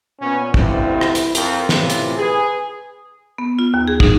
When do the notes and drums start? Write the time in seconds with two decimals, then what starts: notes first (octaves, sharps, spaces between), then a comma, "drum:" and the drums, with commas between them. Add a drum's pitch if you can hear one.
0.21 A#2 B3 C#4
0.54 D2 G2 C3 E4, drum: kick
1.01 drum: rim click
1.15 drum: hi-hat
1.35 F2 A#4, drum: hi-hat
1.69 A2 C3 E3 F4, drum: snare
1.90 drum: hi-hat
2.18 G#4 B4
3.38 B3
3.59 F4
3.74 D#2
3.88 G#4
4.00 D#4, drum: kick